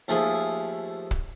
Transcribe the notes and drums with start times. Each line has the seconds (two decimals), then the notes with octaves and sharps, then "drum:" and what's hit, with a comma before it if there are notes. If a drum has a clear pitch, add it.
0.08 D#2 F3 A3 G#4
1.11 drum: kick